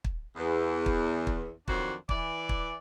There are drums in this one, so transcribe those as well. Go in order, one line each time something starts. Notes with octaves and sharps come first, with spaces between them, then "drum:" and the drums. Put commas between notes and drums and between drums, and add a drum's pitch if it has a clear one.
drum: kick
E2
drum: kick
drum: kick
F2 D#3 F#3 D4 F#4 C5, drum: kick
E3 D5, drum: kick
drum: kick